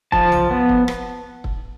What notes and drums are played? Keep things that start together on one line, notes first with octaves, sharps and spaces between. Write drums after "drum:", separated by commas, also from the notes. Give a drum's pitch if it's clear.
F3 A5, drum: kick
drum: tom B1
B3
drum: kick
drum: rim click
drum: kick